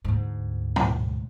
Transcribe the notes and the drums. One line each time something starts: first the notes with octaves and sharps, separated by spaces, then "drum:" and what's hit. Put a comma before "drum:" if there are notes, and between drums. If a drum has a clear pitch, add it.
D2 G#2
drum: tom